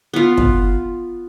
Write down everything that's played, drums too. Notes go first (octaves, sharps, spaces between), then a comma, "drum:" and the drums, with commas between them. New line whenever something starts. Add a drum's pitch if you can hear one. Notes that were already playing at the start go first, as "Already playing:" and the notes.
B3 F4
drum: kick